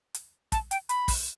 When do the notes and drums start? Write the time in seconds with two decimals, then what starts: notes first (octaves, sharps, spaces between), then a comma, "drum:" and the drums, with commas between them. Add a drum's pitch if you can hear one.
0.14 drum: hi-hat
0.52 A5, drum: kick, hi-hat
0.71 G5, drum: hi-hat
0.89 B5, drum: hi-hat
1.08 drum: kick, open hi-hat